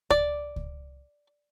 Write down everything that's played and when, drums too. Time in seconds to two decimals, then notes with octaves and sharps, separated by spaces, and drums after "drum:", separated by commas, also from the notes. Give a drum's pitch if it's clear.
0.10 D5, drum: kick C#2
0.56 drum: kick C#2